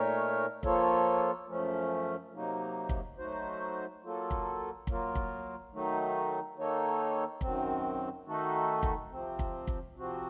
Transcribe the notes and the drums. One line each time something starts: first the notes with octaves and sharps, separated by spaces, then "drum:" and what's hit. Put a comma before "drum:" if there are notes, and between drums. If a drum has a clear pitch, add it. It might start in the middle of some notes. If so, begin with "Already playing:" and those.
Already playing: A#2 A3 D#4 A#4 C#5
F3 A#3 F4 A4 C#5, drum: kick
F#2 F3 A3 C#4
C3 F#3 A#3 D#4
drum: kick
F#3 A3 D#4 F#4 C5
F#3 A#3 F4 A4
drum: kick
F#3 A#3 F4 A#4, drum: kick
drum: kick
D#3 F#3 A3 D#4
D#3 A#3 D#4 A4 C#5
F#2 D#3 F#3 C4, drum: kick
D#3 A3 D#4 F#4 A4
drum: kick
C3 F3 C4
drum: kick
drum: kick
C3 F3 C4 F#4